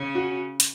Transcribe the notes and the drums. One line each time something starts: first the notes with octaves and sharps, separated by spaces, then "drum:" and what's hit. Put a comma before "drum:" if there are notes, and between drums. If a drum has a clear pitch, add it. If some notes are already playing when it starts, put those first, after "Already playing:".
Already playing: C#3 C#4
F#4
drum: hi-hat